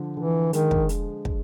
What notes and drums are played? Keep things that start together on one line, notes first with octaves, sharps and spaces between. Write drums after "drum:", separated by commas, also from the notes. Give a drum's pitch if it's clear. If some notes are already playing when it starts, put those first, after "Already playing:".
Already playing: D3 F3
D3 E3
D#3 G#3, drum: hi-hat
drum: kick
drum: hi-hat
drum: kick